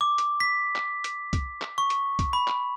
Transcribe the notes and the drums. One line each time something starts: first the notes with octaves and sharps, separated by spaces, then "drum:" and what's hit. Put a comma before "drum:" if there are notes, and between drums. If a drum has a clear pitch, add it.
D6
drum: hi-hat
B6
drum: clap
drum: hi-hat
drum: kick, hi-hat
drum: clap
C#6
drum: hi-hat
drum: kick, hi-hat
B5
drum: clap